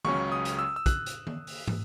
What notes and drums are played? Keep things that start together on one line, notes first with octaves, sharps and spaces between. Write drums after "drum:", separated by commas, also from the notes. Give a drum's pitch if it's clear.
C#2 C#3 F#3 C#4 C#6, drum: tom D#3
D#6
drum: hi-hat
E6
E6
F#6, drum: kick, hi-hat
drum: hi-hat
drum: tom D#3
drum: open hi-hat
drum: tom